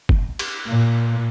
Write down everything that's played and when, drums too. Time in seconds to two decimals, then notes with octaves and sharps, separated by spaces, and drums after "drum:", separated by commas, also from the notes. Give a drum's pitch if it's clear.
0.09 drum: kick
0.39 drum: cymbal
0.67 A#2